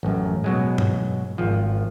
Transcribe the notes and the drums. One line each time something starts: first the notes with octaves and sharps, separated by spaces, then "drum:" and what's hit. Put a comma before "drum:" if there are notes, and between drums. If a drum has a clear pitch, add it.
A1 F#2
B2 F#3 G#3
drum: tom G2
G#1 F3